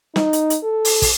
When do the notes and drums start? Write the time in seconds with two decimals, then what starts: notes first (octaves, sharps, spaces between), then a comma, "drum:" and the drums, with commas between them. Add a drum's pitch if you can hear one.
0.16 D#4, drum: snare
0.33 drum: hi-hat
0.50 drum: hi-hat
0.63 A4
0.85 drum: open hi-hat
1.02 drum: kick, open hi-hat